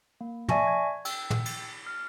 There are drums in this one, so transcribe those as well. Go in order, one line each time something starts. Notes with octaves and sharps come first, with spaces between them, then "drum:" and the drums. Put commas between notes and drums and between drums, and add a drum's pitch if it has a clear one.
A#3
D5 E5 G#5 A5 C#6 A#6, drum: tom
G#6
G5 E6, drum: cymbal
drum: tom
drum: cymbal
F6